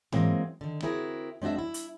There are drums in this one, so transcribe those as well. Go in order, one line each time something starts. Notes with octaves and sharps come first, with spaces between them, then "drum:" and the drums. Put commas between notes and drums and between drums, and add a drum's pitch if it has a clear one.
E3 F#3 G#3 A#3 C4, drum: tom G#2
D3 D#3
C4 E4 F#4 G#4 A#4
G#3 C4 D4 F#4 E5
E4
drum: hi-hat